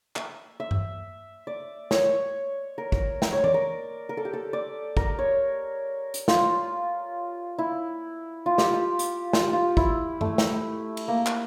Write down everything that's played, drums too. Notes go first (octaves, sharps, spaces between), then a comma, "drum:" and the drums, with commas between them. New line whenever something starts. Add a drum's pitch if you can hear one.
E5, drum: clap
E5
drum: tom G2
D5
C#5, drum: snare
A#4
drum: kick
A#4, drum: snare
C#5
D5, drum: tom
A#4
A#4
A4
G4
A4
D5
A#4, drum: kick
C#5
drum: hi-hat
F4, drum: snare
E4
F4
G4, drum: snare
F4
drum: hi-hat
F4, drum: snare
G4
F4
E4, drum: kick
A3, drum: tom G2
drum: snare
drum: cymbal
A#3
drum: clap